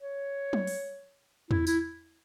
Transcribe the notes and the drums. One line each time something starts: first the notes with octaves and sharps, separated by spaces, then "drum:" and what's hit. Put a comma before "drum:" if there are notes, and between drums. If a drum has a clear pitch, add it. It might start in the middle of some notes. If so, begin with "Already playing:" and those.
C#5
drum: tom F#3
drum: open hi-hat
E4, drum: tom E2
E4, drum: tambourine